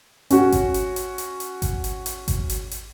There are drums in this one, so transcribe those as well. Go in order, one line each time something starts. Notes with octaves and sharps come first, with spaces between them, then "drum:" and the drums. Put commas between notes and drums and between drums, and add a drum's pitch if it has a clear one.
C#4 F#4, drum: hi-hat
drum: kick G#1, hi-hat
drum: hi-hat
drum: hi-hat
drum: hi-hat
drum: hi-hat
drum: kick G#1, hi-hat
drum: hi-hat
drum: hi-hat
drum: kick G#1, hi-hat
drum: hi-hat
drum: hi-hat